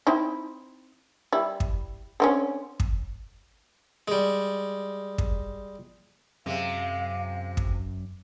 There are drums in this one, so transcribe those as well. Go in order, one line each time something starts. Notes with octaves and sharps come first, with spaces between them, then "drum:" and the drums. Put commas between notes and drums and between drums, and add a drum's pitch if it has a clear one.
C4 D#4 E4
G3 E4
drum: kick
D3 C4 C#4
drum: kick
G3 G#3
drum: kick
F#2 C3 G#3 F5
drum: kick